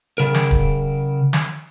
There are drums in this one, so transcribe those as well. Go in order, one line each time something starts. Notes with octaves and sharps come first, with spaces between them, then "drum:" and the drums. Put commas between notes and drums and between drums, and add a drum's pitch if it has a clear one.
C#3 A#4
drum: snare
drum: kick
drum: snare